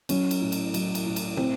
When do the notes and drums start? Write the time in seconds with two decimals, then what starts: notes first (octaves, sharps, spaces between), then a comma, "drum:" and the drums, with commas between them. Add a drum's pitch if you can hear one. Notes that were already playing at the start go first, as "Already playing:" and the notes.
0.09 F#3 C#4, drum: cymbal
0.31 drum: cymbal
0.41 A2
0.52 drum: cymbal
0.74 F#3, drum: cymbal
0.95 drum: cymbal
1.06 A2
1.16 drum: cymbal
1.37 A2 C4, drum: tom